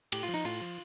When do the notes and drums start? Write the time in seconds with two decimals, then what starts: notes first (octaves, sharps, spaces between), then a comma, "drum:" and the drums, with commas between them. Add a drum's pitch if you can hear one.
0.12 A2 G4, drum: cymbal
0.23 F4
0.29 F3
0.34 D#4
0.44 A2 F4
0.62 F3